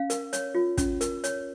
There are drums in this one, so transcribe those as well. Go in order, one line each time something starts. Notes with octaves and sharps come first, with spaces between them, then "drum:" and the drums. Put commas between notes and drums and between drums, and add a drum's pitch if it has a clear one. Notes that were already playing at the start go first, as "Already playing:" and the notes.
Already playing: C#4 F5
A#4, drum: hi-hat
C#5, drum: hi-hat
F4
C#4, drum: kick, hi-hat
A#4, drum: hi-hat
C#5, drum: hi-hat